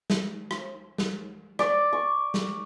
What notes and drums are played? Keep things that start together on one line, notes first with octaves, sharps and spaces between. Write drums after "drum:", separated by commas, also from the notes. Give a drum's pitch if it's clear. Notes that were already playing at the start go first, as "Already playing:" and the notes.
drum: snare
drum: rim click
drum: snare
D5, drum: rim click
C#6
drum: snare